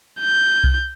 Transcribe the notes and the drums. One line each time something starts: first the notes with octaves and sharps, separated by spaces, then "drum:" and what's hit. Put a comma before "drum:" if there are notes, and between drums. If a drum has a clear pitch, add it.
G6
drum: kick C2